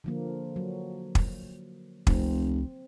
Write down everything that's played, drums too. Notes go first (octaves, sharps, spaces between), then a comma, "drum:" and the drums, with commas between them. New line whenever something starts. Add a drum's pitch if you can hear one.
D3 F3 A#3
F#3
drum: kick
F1 C#2 C4, drum: kick